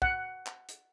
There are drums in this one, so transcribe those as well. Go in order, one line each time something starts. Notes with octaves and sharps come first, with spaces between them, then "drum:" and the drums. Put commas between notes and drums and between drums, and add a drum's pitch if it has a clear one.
F#5, drum: kick
drum: clap
drum: hi-hat